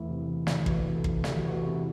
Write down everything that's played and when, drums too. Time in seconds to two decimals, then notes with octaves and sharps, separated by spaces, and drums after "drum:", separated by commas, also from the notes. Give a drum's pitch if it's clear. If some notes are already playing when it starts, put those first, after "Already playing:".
Already playing: E2 E3 A3 E4
0.09 C3
0.28 E2
0.47 A3, drum: snare
0.66 E3 F#4, drum: kick
0.85 C3
0.95 A4
1.04 E2, drum: kick
1.24 A3 G4, drum: snare
1.38 F#4
1.44 E3
1.52 F#4
1.63 C3 E4